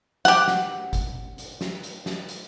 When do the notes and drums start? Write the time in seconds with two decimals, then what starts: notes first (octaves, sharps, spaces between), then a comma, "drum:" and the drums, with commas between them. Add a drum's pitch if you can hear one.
0.25 G4 F#5, drum: snare
0.48 drum: snare
0.93 drum: kick G1, hi-hat
1.38 drum: hi-hat
1.61 drum: snare
1.83 drum: hi-hat
2.06 drum: snare
2.29 drum: hi-hat